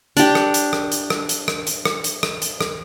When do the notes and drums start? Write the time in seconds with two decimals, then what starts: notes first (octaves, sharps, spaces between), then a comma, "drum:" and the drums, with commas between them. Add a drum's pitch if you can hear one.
0.17 D4 G4, drum: hi-hat
0.35 drum: rim click
0.54 drum: hi-hat
0.73 drum: rim click
0.92 drum: hi-hat
1.10 drum: rim click
1.29 drum: hi-hat
1.48 drum: rim click
1.67 drum: hi-hat
1.85 drum: rim click
2.04 drum: hi-hat
2.23 drum: rim click
2.42 drum: hi-hat
2.61 drum: rim click